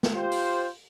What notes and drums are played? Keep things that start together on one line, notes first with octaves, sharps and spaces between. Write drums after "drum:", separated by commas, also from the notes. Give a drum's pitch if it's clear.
drum: snare
F4 G4 C5
drum: open hi-hat